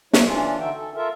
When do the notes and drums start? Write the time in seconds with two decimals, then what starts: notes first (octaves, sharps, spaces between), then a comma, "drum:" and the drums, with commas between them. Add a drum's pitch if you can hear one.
0.13 F#3 A3 D#4 E4 C5 C#5, drum: snare
0.25 E3 C#4 D4 F4
0.60 D3 D#4 F#4 E5 G5
0.74 A4
0.95 F4 A4 A#4 E5